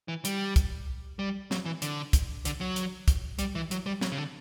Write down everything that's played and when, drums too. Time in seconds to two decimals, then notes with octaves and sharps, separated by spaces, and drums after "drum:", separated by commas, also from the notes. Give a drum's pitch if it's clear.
0.08 E3
0.25 G3, drum: hi-hat
0.56 drum: kick, hi-hat
1.19 G3
1.51 F#3, drum: snare
1.65 E3
1.82 D3, drum: hi-hat
2.13 drum: kick, hi-hat
2.45 D3, drum: hi-hat
2.61 F#3
2.76 drum: hi-hat
3.08 drum: kick, hi-hat
3.39 G3, drum: hi-hat
3.55 E3
3.71 F#3, drum: hi-hat
3.86 G3
4.01 F#3, drum: snare
4.12 C#3
4.18 D3